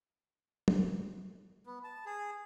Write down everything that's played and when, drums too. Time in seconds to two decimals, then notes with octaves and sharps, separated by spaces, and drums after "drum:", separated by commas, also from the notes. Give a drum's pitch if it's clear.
0.68 drum: tom F#3
1.66 B3
1.84 A5
2.06 G#4